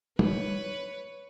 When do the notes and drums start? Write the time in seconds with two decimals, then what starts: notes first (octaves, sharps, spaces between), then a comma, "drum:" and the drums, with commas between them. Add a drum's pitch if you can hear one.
0.19 B4 C#5, drum: tom